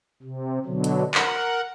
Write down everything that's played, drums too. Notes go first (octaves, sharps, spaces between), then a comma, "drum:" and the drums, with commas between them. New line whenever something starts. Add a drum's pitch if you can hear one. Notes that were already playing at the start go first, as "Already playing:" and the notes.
C3
B2 D3 F#3
drum: hi-hat
A#4 F#5, drum: clap